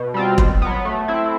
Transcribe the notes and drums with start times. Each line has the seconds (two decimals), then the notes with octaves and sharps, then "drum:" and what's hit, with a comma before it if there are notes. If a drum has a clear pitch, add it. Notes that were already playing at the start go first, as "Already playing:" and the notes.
Already playing: B2
0.14 G3 C4 F4
0.38 D#3, drum: kick E1
0.62 F#3 B3
0.85 A3
1.08 C4 E4